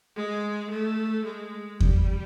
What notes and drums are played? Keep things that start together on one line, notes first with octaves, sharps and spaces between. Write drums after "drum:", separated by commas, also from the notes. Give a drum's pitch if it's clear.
G#3
A3
G#3
G3, drum: kick E2